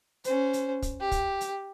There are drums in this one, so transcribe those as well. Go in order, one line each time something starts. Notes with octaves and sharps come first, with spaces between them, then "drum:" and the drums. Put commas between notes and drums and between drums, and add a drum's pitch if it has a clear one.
C#4 C5, drum: hi-hat
drum: hi-hat
drum: kick, hi-hat
G4
drum: kick, hi-hat
drum: hi-hat